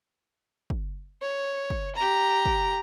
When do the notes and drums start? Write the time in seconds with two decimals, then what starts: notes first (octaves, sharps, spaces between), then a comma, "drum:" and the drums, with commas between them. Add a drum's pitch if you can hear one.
0.70 drum: kick
1.22 C#5
1.70 drum: kick
1.95 G4 A#5
2.46 drum: kick